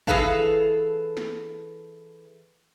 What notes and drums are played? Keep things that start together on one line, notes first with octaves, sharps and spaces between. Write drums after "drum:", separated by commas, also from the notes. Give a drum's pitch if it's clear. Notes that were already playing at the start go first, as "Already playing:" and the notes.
E3 G#4 A4 B4 F5 A5, drum: kick
drum: snare